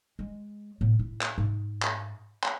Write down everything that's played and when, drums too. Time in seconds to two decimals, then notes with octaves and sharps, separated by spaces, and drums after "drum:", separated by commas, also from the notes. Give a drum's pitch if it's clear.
0.19 G#3
0.81 A2 B3
0.99 E4
1.21 drum: clap
1.38 G#2
1.82 drum: clap
2.43 drum: clap